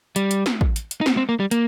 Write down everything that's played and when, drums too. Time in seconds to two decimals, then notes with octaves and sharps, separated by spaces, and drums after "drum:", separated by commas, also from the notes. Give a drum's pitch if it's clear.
0.16 G3, drum: hi-hat
0.31 drum: hi-hat
0.46 drum: snare
0.61 drum: kick
0.76 drum: hi-hat
0.91 drum: hi-hat
1.01 D#4
1.06 C4, drum: snare
1.17 C4
1.29 A#3
1.40 G3
1.51 A#3, drum: hi-hat